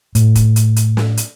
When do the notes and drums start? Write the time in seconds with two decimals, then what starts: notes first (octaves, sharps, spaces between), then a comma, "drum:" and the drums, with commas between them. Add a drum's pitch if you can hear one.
0.15 A2, drum: hi-hat
0.35 drum: kick, hi-hat
0.56 drum: hi-hat
0.76 drum: hi-hat
0.97 drum: snare
1.17 drum: hi-hat